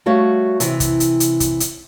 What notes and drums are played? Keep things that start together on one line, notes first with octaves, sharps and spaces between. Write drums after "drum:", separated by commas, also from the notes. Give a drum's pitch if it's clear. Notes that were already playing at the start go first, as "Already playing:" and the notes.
G3 A3 F#4 C#5 F5
C3 E3, drum: hi-hat
drum: kick, hi-hat
drum: hi-hat
drum: hi-hat
drum: kick, hi-hat
drum: hi-hat